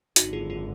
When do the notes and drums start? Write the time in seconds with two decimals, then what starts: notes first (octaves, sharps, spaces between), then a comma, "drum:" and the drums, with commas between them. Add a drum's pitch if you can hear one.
0.16 G#1 F#2 D3 D#4 F#4, drum: hi-hat
0.33 F4 G#4
0.50 F4 G#4